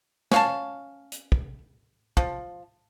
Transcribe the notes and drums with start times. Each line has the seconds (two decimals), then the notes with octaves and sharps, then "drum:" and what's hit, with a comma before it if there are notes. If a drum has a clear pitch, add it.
0.31 C#4 F5 A5, drum: snare
1.12 drum: hi-hat
1.32 drum: kick
2.17 F3, drum: kick